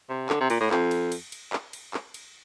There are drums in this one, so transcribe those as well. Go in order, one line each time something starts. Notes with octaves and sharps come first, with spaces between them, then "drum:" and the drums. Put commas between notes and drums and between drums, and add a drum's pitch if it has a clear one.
C3
D3, drum: clap
C3
A#2, drum: cymbal
A2
F2, drum: clap
drum: cymbal
drum: cymbal
drum: cymbal
drum: clap
drum: cymbal
drum: clap
drum: cymbal